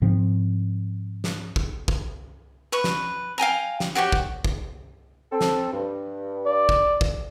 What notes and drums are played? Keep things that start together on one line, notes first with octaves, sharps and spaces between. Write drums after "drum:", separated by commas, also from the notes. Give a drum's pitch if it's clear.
G#2 C#3 F3 C4
drum: snare
drum: kick
drum: kick
B4 C#6
drum: snare
F5 G5 G#5 A#5
drum: snare
F#4 G4 C#5 G5
drum: kick
drum: kick
C4 A4
drum: snare
G2
D5
drum: kick
drum: kick